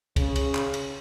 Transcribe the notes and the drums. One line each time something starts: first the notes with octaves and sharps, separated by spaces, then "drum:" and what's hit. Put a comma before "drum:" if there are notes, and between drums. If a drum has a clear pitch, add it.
C#3, drum: kick, cymbal
drum: cymbal
drum: clap
drum: cymbal